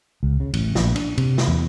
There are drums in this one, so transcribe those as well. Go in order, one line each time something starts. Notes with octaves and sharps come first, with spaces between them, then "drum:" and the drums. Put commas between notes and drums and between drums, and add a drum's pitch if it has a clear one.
C#2
C#3
A1, drum: cymbal
A#1, drum: snare
D4, drum: cymbal
C3, drum: cymbal
drum: snare
E2